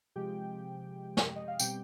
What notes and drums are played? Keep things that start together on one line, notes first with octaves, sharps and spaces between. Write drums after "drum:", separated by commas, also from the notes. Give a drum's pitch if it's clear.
C3 F3 G#3 G4 G5
drum: snare
D#5
F5
B2 G3 C4 G4 G5, drum: tambourine